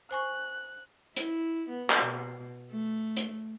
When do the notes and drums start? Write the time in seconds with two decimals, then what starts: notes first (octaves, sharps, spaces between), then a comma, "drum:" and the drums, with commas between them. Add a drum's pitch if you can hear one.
0.11 C5 G#5 C#6 F#6
1.16 E4, drum: hi-hat
1.69 B3
1.90 drum: clap
2.00 B2
2.71 A3
3.16 drum: hi-hat